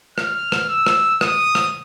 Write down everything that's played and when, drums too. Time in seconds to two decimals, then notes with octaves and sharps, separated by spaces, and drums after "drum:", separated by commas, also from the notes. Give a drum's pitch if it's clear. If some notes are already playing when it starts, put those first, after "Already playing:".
0.18 F6, drum: rim click
0.52 drum: rim click
0.69 E6
0.87 drum: rim click
1.21 D#6, drum: rim click
1.55 drum: rim click